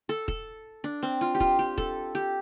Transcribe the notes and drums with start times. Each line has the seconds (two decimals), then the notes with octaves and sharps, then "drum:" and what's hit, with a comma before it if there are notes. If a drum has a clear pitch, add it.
0.09 A4
0.28 A4, drum: kick
0.84 D4
1.03 C4
1.21 F4
1.35 G4
1.40 F4, drum: kick
1.59 G4
1.78 A4, drum: kick
2.15 G4